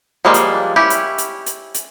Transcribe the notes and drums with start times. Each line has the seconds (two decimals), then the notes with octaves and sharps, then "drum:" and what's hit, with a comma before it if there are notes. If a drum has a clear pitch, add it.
0.25 F3 G3 G#3 A#3 D4
0.34 drum: hi-hat
0.76 C#4 E4 G4
0.90 drum: hi-hat
1.18 drum: hi-hat
1.46 drum: hi-hat
1.74 drum: hi-hat